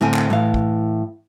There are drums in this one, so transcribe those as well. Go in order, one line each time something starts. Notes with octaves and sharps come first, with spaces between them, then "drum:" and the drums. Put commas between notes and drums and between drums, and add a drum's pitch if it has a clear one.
A2 D3 C4 E4 A#4 G#5
drum: clap
A2 E3 F5
drum: kick